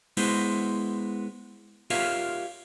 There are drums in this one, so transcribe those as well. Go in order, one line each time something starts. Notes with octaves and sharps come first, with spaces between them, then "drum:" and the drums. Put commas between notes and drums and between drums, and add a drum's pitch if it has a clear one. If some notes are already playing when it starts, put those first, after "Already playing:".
G#3 B3 E4 C5, drum: cymbal
F4 G4 A#4 C#5 E5 F5, drum: cymbal